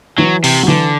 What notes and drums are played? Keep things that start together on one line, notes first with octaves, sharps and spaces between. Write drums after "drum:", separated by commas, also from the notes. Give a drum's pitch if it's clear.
E3 F#3
C3, drum: open hi-hat
F#3
D3 E3